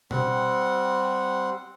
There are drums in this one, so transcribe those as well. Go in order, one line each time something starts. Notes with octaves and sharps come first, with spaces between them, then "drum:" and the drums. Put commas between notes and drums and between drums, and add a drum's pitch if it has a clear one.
G3 C4 F#5, drum: tom B2